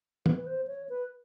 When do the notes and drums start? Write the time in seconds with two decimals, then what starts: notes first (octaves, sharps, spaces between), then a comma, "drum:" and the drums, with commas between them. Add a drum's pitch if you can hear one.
0.26 B4, drum: tom
0.36 B4
0.47 C5
0.67 C#5
0.89 B4